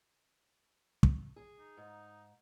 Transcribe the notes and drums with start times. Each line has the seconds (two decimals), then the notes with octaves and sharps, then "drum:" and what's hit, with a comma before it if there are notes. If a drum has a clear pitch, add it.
1.03 drum: kick
1.36 G#4
1.59 D#4
1.77 G#2